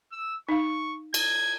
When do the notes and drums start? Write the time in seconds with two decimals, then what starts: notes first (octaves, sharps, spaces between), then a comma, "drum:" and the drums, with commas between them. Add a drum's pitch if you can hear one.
0.12 E6
0.49 D#4 F5 C#6
1.14 G#6, drum: cymbal